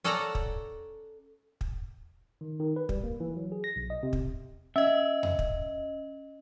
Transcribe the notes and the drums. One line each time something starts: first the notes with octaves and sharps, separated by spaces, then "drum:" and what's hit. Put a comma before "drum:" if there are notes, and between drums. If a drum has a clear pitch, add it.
C#4 A4 D5 F#5 A5 A#5
drum: kick
drum: kick
D#3
D#3
B4
G3, drum: kick
A#3
E3
F#3
G#4
A#6
B1
D#5
C3
drum: kick
C#4 D#5 E5
drum: tom E2
drum: kick